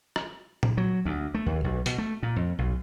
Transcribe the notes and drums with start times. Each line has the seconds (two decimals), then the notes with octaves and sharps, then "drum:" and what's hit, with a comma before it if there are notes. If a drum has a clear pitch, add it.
0.16 drum: rim click
0.63 drum: tom A#2
0.77 F#3
1.05 D2
1.35 A3
1.46 D#2
1.64 B1
1.86 B2, drum: hi-hat
1.98 A3
2.23 A#2
2.36 F2
2.58 B1